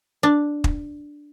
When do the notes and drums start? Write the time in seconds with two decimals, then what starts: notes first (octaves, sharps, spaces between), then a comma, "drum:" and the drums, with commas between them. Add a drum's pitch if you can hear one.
0.23 D4
0.64 drum: kick